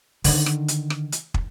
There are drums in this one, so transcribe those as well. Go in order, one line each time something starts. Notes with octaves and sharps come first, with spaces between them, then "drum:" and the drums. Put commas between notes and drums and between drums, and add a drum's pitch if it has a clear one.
D3 D#3, drum: open hi-hat
drum: rim click
drum: hi-hat
drum: rim click
drum: hi-hat
drum: kick